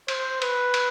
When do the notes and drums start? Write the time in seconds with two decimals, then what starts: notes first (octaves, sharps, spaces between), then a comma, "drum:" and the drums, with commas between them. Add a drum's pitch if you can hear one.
0.08 C5, drum: cymbal
0.42 B4, drum: cymbal
0.74 drum: cymbal